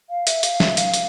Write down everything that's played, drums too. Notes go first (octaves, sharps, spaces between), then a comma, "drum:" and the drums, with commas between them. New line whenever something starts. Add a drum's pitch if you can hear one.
F5
E5, drum: hi-hat
F5, drum: hi-hat
E5, drum: snare
F5, drum: hi-hat
drum: hi-hat